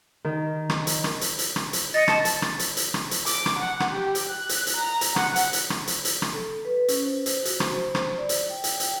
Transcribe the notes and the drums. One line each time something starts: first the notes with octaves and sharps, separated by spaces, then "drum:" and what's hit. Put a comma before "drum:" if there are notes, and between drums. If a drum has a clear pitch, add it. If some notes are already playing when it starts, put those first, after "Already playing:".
D#3
drum: rim click
drum: hi-hat
drum: rim click
drum: hi-hat
drum: hi-hat
drum: rim click
drum: hi-hat
D#5 A6 C#7
A5 A6, drum: rim click
drum: hi-hat
drum: rim click
drum: hi-hat
drum: hi-hat
drum: rim click
drum: hi-hat
D6, drum: hi-hat
drum: rim click
F#5
drum: rim click
G4
drum: hi-hat
F#6
drum: hi-hat
drum: hi-hat
A#5
drum: hi-hat
F#5, drum: rim click
drum: hi-hat
drum: hi-hat
drum: rim click
drum: hi-hat
drum: hi-hat
drum: rim click
A4
B4
C#4, drum: hi-hat
C5
C5, drum: hi-hat
F#4, drum: hi-hat
drum: rim click
C5
drum: rim click
D5
drum: hi-hat
G5
drum: hi-hat
G5, drum: hi-hat